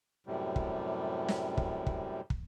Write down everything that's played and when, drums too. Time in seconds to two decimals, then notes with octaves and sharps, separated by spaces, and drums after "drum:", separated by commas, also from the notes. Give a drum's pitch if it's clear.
0.27 F#2 A2 C3 G3
0.56 drum: kick
1.28 drum: snare
1.57 drum: kick
1.87 drum: kick
2.30 drum: kick